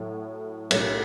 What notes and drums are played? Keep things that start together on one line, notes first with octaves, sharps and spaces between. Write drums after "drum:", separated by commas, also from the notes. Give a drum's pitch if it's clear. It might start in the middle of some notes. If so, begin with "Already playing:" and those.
Already playing: A2 F#3 A3 E4
B1 A2 F#3 A3 C#4, drum: cymbal